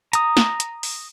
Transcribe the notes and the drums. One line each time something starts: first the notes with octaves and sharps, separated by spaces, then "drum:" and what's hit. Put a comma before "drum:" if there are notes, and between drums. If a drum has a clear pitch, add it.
A#5 D#6, drum: hi-hat
drum: snare
drum: hi-hat
drum: open hi-hat